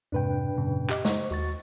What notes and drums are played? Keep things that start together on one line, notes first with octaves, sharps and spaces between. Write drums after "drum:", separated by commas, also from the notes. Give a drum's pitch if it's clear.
F2 G#2 C3 D4 B4 G5
F#2 A#2 C#3
G4 D#5 D6, drum: clap
C5 D#5 C#6, drum: snare G#3
D#2 F#4 C#6 A6